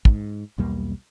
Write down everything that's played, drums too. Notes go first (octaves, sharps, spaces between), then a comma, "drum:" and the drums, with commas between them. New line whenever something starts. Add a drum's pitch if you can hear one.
G#2, drum: kick
B1 E2 G3 A#3